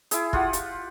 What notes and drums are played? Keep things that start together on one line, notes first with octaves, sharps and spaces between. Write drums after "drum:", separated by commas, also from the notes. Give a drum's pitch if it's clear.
E4 G#4, drum: hi-hat
F4 G4 F#5, drum: kick
drum: hi-hat